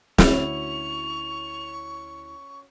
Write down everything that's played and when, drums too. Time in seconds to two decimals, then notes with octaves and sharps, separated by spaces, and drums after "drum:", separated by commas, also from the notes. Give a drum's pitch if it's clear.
0.18 D2 C#4 E4 F#4 C#6 F7, drum: snare